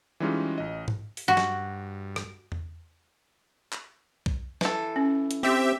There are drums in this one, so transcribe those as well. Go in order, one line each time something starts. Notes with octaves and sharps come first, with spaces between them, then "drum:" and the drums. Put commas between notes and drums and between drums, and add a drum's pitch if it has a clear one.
E3 G3 G#3 C#4 D#4 F4
A1 D#5
drum: tom G#2
drum: open hi-hat
G2 F#4
drum: snare
drum: rim click
drum: tom E2
drum: clap
drum: kick
E3 A4, drum: snare
C#4
drum: hi-hat
C4 G4 E5